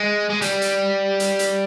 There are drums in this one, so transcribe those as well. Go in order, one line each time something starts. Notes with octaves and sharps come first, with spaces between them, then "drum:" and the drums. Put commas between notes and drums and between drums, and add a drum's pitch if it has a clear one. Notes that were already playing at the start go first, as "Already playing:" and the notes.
Already playing: G#3
G#3
G3, drum: hi-hat
drum: hi-hat
drum: hi-hat
drum: hi-hat